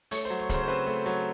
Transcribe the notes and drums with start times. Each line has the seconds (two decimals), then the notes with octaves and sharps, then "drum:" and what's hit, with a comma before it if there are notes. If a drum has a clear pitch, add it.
0.11 A3 C#5, drum: open hi-hat
0.25 C5
0.30 F#3
0.40 C#5
0.49 C#3 C5, drum: kick C#1, hi-hat
0.63 C5
0.68 C4 B4
0.87 A3
1.06 F#3